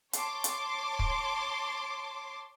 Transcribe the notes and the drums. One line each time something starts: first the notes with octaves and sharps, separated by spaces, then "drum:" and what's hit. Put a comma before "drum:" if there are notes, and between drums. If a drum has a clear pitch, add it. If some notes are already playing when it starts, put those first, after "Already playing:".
C#5 A5 C6 D6, drum: hi-hat
drum: hi-hat
drum: kick